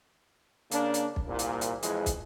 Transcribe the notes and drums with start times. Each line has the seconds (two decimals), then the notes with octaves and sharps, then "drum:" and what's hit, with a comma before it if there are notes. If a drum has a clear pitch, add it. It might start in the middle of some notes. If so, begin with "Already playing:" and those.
0.71 C#3 A#3 D4, drum: hi-hat
0.94 drum: hi-hat
1.16 drum: kick
1.28 C2 A#2
1.39 drum: hi-hat
1.61 drum: hi-hat
1.83 F2 E3 G#3 G#4, drum: hi-hat
2.06 drum: kick, hi-hat